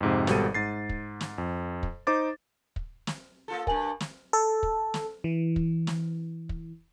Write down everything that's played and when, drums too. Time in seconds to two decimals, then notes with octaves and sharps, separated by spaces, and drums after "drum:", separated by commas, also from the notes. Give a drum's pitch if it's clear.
0.01 F2 G#2 C3
0.27 G#1 B2 G3 A4 D#7, drum: snare
0.54 G#2 A6 C7
0.89 drum: kick
1.21 drum: snare
1.38 F2
1.83 drum: kick
2.07 D#4 C5 D6 A6
2.76 drum: kick
3.07 drum: snare
3.48 A#3 F4 A4
3.67 G2 A#4 D5 G#5 F#7, drum: kick
4.00 drum: snare
4.33 A4
4.63 drum: kick
4.94 drum: snare
5.24 E3
5.56 drum: kick
5.87 drum: snare
6.49 drum: kick